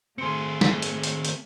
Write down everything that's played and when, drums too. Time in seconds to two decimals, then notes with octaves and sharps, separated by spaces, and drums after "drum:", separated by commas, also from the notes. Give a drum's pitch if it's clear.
0.18 A3 C4 G#4 C6 C#7
0.61 B6, drum: snare
0.82 drum: hi-hat
1.03 drum: hi-hat
1.25 drum: hi-hat